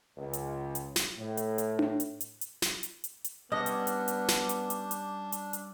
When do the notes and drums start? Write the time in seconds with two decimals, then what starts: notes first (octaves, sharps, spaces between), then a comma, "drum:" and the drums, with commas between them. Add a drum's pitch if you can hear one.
0.17 C#2
0.33 drum: hi-hat
0.75 drum: hi-hat
0.96 drum: snare
1.17 A2
1.37 drum: hi-hat
1.58 drum: hi-hat
1.79 drum: tom D4
2.00 drum: hi-hat
2.21 drum: hi-hat
2.41 drum: hi-hat
2.62 drum: snare
2.83 drum: hi-hat
3.04 drum: hi-hat
3.24 drum: hi-hat
3.52 G3 B3 C#4 D4 D#5
3.66 drum: hi-hat
3.87 drum: hi-hat
4.08 drum: hi-hat
4.28 drum: snare
4.49 drum: hi-hat
4.70 drum: hi-hat
4.91 drum: hi-hat
5.32 drum: hi-hat
5.53 drum: hi-hat